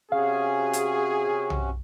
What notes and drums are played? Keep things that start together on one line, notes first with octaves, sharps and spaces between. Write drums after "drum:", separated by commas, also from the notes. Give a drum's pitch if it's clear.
C3 C#4 F#4 G#4 F5
drum: hi-hat
drum: tom B1